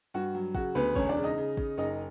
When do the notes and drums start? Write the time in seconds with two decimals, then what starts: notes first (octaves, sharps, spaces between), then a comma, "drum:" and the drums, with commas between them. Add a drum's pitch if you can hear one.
0.14 G2 F#4
0.35 F#3
0.55 C#3 F#4, drum: kick G#1
0.75 D2 B3 B4
0.95 E1 C#4 C#5, drum: kick G#1
1.09 D4 D5
1.17 C#3
1.24 D#4 D#5
1.37 C#3
1.57 C#3, drum: kick G#1
1.77 F#1 D#4 D#5